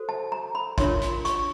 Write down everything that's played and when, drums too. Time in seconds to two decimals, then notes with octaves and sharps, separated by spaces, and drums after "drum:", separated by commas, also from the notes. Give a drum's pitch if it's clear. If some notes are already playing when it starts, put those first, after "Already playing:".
Already playing: F#4 A4 C5
0.09 A5
0.32 A#5
0.55 B5
0.78 D4 F4 A#4 C#5 C6, drum: kick, hi-hat
1.01 drum: hi-hat
1.25 C#6, drum: hi-hat